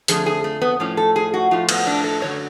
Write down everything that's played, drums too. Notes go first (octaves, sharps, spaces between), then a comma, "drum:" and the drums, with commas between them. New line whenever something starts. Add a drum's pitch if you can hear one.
F2 D3 F3 A3 G#4, drum: hi-hat
G#4
A3
B3
A2 F3 A3 C#4
A4
G#4
F#4
A2 F3 A3 F4
B3, drum: cymbal
D4
A4
F#2 D3 F#3 A3 C#5